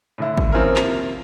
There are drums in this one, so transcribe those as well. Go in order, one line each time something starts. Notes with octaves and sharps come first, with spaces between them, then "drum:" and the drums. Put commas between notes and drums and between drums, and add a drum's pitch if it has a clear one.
A2 D3 E4
drum: kick G#1
D#3 F3 C4 C#4 E4 A#4
C3 A#3 F4 F7, drum: clap